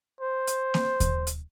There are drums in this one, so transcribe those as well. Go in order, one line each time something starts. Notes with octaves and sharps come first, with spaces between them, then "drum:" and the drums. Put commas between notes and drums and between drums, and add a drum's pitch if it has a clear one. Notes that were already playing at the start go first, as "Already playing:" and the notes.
C5
drum: hi-hat
drum: snare A#3
drum: kick D#2, hi-hat
drum: hi-hat